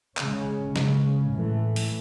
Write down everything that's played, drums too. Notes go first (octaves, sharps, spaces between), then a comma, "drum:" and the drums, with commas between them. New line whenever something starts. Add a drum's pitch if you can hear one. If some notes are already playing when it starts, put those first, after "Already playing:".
C#3 G#3 C#4, drum: clap
C#3 G#3 C#4, drum: snare
A2 E3 A3
drum: open hi-hat